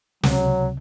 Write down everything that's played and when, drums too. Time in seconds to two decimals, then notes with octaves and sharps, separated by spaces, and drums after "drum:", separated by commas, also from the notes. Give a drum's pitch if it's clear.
0.23 C#2 C3 F#3, drum: snare